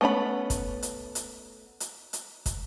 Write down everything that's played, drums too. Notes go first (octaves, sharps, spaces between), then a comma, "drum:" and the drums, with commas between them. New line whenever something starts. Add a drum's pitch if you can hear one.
A3 B3 C#4 A#5 B5
drum: kick, hi-hat
drum: hi-hat
drum: hi-hat
drum: hi-hat
drum: hi-hat
drum: kick, hi-hat